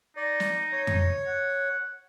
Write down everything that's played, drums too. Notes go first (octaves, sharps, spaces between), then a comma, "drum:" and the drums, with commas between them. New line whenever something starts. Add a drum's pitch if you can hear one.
D#4 D5
drum: snare
C#5
drum: tom F2
F#5